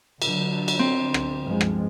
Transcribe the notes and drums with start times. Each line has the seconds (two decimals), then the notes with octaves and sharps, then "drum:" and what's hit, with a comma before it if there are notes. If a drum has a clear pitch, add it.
0.22 D3 F#3, drum: cymbal
0.68 drum: cymbal
0.79 C4
1.14 drum: rim click
1.44 G2 F3 G#3
1.61 drum: rim click